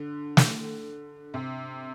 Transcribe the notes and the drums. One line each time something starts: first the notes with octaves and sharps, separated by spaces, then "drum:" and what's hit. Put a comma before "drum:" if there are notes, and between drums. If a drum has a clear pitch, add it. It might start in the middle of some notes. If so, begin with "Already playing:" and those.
Already playing: D3
drum: snare
C3